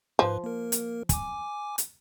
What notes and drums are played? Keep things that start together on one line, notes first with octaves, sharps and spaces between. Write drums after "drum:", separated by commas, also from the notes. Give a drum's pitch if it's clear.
G#2 F3 B4
A#3 A#4
drum: hi-hat
G#5 D6, drum: kick, hi-hat
drum: hi-hat